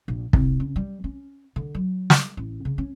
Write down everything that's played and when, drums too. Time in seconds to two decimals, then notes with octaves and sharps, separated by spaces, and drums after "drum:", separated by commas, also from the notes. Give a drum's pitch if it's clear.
0.08 A#1
0.33 C2, drum: kick
0.60 C#3
0.76 G3
1.04 C#4
1.56 D3
1.75 F#3
2.10 drum: snare
2.37 A1
2.65 C#3
2.78 C#4